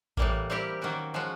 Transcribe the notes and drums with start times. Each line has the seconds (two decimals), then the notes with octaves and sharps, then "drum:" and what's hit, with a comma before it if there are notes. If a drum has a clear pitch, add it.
0.17 A2 E3 G3 A#3, drum: kick A1
0.50 G3 C4 E4 G4 A#4
0.82 D#3 F#3 A#3 C#4 F#4
1.14 F3 G#3 C#4 F#4